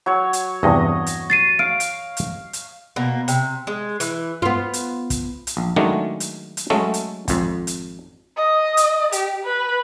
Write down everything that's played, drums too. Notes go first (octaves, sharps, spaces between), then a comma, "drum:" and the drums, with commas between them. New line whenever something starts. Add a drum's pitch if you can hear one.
F#3 C#5
drum: hi-hat
E2 G2 C3 D#5
drum: hi-hat
A6 C7 D#7
F5 D7
drum: hi-hat
drum: hi-hat
drum: hi-hat
B2 A#3
C3, drum: hi-hat
G#3
E3, drum: hi-hat
B3 F4
drum: hi-hat
drum: kick, hi-hat
drum: hi-hat
A#1
D#3 F#3 G#3 A3 C#4 D4
drum: hi-hat
drum: hi-hat
F#3 G#3 A3 C#4 A4
drum: hi-hat
G#1 F2, drum: kick, hi-hat
drum: hi-hat
D#5
drum: hi-hat
G4, drum: hi-hat
B4